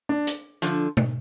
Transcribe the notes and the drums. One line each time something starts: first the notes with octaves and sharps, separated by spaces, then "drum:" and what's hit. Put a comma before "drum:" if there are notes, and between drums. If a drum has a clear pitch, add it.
D4
drum: hi-hat
D3 F3, drum: hi-hat
drum: tom B2